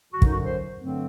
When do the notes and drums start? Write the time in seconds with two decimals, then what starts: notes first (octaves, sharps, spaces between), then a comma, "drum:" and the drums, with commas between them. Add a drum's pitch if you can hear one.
0.11 F#2 D3 F#3 F#4
0.22 D#4, drum: kick
0.32 F#4
0.44 C5
0.77 G2 D3 F#3 A3 C4